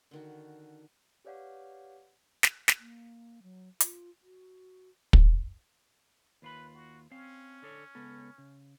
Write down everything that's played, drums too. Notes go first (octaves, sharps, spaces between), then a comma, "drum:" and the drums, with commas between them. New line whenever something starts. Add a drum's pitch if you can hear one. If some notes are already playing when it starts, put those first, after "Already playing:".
D3 D#3 F#4
G4 B4 C#5 D5 F5 F#5
drum: snare
drum: snare
A#3
F#3
F4, drum: hi-hat
F#4
drum: kick
D#2 F4 B4 B5
F#4
C4 C#4 F5
D3 A4 C#5
C#2 B3 A4
C#3